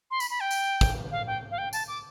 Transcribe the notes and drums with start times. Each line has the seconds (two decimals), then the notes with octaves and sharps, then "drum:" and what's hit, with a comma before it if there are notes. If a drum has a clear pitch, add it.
0.11 C6
0.20 B5, drum: tambourine
0.30 B5
0.40 G5
0.51 drum: tambourine
0.81 drum: kick, tambourine
1.12 F5
1.27 G5
1.51 F5
1.58 G5
1.73 A5, drum: tambourine
1.88 D6